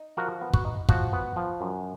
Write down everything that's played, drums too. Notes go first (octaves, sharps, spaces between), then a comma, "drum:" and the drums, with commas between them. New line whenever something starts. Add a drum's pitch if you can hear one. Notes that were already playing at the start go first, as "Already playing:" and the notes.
Already playing: D#4
F3 F#4 A#4
B3
F#4, drum: kick
D#4
F3 F#4, drum: kick
B3
F3
F#2